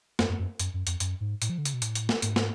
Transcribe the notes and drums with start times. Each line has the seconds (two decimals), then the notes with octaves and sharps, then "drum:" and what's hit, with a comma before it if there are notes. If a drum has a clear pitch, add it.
0.19 F#2, drum: snare
0.29 F#2
0.39 F#2
0.59 F#2, drum: hi-hat
0.74 F#2
0.87 F2, drum: hi-hat
1.00 F#2, drum: hi-hat
1.21 G#2
1.42 A2, drum: hi-hat
1.50 F3
1.58 D3
1.65 C#3, drum: hi-hat
1.74 B2
1.82 A2, drum: hi-hat
1.95 drum: hi-hat
2.09 drum: snare
2.22 G#2, drum: hi-hat
2.36 drum: snare